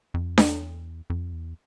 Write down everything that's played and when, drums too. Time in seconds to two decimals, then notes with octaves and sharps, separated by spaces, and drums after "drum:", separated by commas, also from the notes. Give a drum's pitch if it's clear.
0.14 F2
0.38 E2, drum: snare D4
1.10 F2
1.33 E2